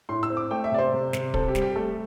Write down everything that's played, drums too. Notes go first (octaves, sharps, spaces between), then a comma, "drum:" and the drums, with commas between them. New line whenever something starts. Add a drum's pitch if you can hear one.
A2 C6
E6
C4
D6
A3 G5
E5
C3 D5
C5
C3
C3, drum: snare
C4 A4, drum: kick
G4
G3, drum: snare
G4
A3 A4